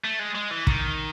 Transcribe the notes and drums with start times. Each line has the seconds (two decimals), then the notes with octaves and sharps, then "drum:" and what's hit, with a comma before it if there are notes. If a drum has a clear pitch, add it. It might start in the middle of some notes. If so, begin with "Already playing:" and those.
0.04 A3
0.19 G#3
0.35 G#3
0.51 E3
0.67 D#3, drum: kick